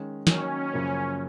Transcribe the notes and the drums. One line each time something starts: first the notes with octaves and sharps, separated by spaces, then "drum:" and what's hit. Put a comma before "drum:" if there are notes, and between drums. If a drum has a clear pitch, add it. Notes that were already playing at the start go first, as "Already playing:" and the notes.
Already playing: D#3 G#3 C#4
D#3 F#3 A#3 C#4, drum: snare
F#2 C#3 F3 A#3